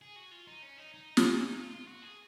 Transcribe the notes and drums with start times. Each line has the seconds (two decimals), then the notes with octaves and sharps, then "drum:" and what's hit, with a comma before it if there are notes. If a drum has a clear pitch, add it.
0.01 G#4
0.16 F#4
0.31 F4
0.47 D#4
0.62 C#4
0.78 D#4
0.94 D#4
1.17 C#4, drum: snare
1.40 D#4
1.56 F4
1.71 F4
1.88 F#4
2.03 G#4